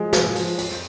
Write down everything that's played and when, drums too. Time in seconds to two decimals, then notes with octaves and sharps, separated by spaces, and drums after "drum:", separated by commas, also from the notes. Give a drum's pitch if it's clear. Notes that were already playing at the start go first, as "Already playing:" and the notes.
Already playing: F3 G#3
0.13 F3, drum: snare
0.35 F3, drum: open hi-hat
0.58 F2, drum: open hi-hat